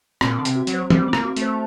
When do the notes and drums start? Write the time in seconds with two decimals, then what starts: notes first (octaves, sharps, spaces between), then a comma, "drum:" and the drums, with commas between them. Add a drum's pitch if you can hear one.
0.21 A#2 C4, drum: rim click
0.39 D3 C4
0.45 C3, drum: hi-hat
0.56 F#4
0.67 F#3, drum: hi-hat
0.74 C5
0.90 G3 C4, drum: tom
1.08 C4
1.13 A#3, drum: rim click
1.25 F#4
1.36 A3, drum: hi-hat
1.42 C5